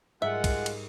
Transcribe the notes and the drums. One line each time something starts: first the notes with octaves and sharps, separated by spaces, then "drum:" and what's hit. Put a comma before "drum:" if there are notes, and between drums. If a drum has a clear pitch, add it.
G#2 G3 G#3 F4 A#4 E5 F#5
drum: kick, cymbal
drum: cymbal